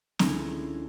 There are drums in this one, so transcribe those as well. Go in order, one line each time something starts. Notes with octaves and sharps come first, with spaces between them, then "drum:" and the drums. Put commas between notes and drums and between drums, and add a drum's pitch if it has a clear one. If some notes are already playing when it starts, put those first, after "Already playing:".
C#2 D3 C#4 E4 G#6 A#6, drum: snare C4